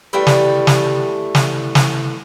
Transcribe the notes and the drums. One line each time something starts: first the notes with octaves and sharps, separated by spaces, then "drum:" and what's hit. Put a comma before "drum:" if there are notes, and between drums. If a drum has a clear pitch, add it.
E3 G3 A3 G5
drum: snare
drum: snare
drum: snare
drum: snare